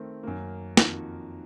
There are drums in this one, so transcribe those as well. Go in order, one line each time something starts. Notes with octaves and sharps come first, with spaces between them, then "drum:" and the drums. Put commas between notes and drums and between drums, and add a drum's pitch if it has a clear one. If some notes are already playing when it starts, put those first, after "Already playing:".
Already playing: D#3 A3 C4
F#2 D#3 A#3
F2 D#3 A#3 D#4 F#4, drum: snare